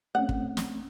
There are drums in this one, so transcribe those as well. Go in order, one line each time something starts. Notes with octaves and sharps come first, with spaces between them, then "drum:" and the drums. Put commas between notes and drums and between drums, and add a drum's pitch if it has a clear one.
A3 C4 C#4 F#5
drum: kick
drum: snare